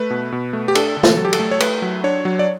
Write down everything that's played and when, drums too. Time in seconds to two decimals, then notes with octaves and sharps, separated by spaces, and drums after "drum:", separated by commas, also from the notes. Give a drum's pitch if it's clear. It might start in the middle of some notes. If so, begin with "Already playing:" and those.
Already playing: A3 B4
0.10 B2
0.32 B2
0.53 A3
0.68 G4
0.75 D4 A4, drum: cymbal
0.97 D3
1.03 A4, drum: snare
1.17 F#3
1.25 G4
1.33 A4, drum: cymbal
1.39 A3
1.51 C#5
1.60 A3 B4, drum: cymbal
1.82 F#3
2.04 D4 C#5
2.25 F#3
2.39 D5